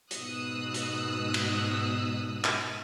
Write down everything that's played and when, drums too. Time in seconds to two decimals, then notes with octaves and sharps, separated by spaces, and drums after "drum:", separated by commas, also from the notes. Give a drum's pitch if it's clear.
0.11 G#2 B2 D#6 E6 F#6, drum: hi-hat
0.74 drum: hi-hat
1.34 drum: cymbal
2.44 drum: clap